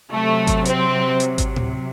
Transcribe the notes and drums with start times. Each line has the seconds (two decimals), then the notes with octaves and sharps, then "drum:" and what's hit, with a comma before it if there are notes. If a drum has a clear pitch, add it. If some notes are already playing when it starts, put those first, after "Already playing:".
0.11 C3 F#3 A3
0.47 drum: kick G#1, hi-hat
0.65 C4, drum: hi-hat
1.20 drum: hi-hat
1.38 drum: kick G#1, hi-hat
1.56 drum: tom A2